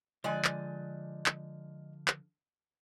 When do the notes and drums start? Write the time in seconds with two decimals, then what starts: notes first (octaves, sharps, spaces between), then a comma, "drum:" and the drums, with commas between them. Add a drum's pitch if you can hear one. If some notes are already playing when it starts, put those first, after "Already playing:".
0.24 D3 F3 G#3 D5 G#5
0.45 drum: clap
1.26 drum: clap
2.08 drum: clap